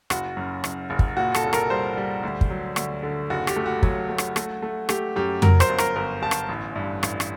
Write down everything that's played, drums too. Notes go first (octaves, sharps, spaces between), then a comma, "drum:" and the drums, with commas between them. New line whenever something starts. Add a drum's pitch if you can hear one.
F#1 F#4, drum: rim click
F#2
F#1, drum: rim click
F#1
drum: kick
A#2 F#4
A4, drum: rim click
C2
A#4, drum: rim click
G3 C5
G3
D2
drum: kick
F#3
D2, drum: rim click
D3
F#1 F#4
G4, drum: rim click
A3
F#4
F#3, drum: kick
A3
drum: rim click
A3, drum: rim click
A3
A3 G4, drum: rim click
F#2 G4
F#3 A#4, drum: tom F2
C5, drum: rim click
G1
A#4, drum: rim click
G1 A#4
G1 A5
drum: rim click
A1
G2
A1, drum: rim click
drum: rim click